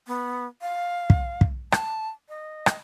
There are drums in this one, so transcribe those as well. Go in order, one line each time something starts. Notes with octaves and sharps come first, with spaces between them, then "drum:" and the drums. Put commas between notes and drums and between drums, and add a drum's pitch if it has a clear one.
B3
F5
drum: kick
drum: kick
A5, drum: rim click
D#5
drum: rim click